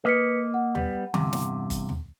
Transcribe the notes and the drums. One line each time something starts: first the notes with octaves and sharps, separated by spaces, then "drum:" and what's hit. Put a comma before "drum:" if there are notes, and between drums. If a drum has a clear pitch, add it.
A#3 B4 D#5 B6 C#7
F#5
G3 B3, drum: tom
E2 G2 C3, drum: tom D3
drum: snare
drum: kick G1, hi-hat
drum: tom